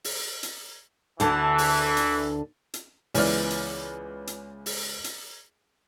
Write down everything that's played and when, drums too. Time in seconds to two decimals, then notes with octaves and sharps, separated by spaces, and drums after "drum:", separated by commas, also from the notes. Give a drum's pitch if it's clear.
0.04 drum: open hi-hat
0.43 drum: hi-hat
1.20 D2 D3 E3 A5, drum: hi-hat
1.58 drum: open hi-hat
1.97 drum: hi-hat
2.74 drum: hi-hat
3.14 C#2 E3 B3 D5 F6, drum: open hi-hat
3.50 drum: hi-hat
4.27 drum: hi-hat
4.66 drum: open hi-hat
5.04 drum: hi-hat